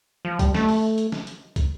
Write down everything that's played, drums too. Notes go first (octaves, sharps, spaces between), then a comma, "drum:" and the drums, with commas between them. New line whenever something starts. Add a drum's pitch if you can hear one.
F3
G3, drum: kick, hi-hat
A3, drum: snare
drum: open hi-hat
drum: hi-hat
drum: snare
drum: hi-hat
drum: kick, hi-hat